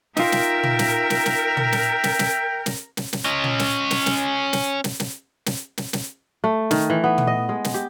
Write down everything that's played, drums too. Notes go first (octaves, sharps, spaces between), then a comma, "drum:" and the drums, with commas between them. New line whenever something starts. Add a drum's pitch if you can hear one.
D#4 F4 A#4 E5 G5, drum: snare
drum: snare
drum: tom
drum: snare
drum: snare
drum: snare
drum: tom
drum: snare
drum: snare
drum: snare
drum: snare
drum: snare
drum: snare
C#4 D#5
drum: tom
drum: snare
drum: snare
drum: snare
drum: snare
drum: snare
drum: snare
drum: snare
drum: snare
drum: snare
A3
D#3, drum: snare
E3
B3
drum: tom
D#5
G#3
drum: snare
G4